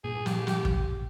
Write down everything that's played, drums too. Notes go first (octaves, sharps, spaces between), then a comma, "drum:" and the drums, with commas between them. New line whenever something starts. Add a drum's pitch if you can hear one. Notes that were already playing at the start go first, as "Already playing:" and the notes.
G2 A#2 G#4
G4, drum: snare
G4, drum: snare
drum: kick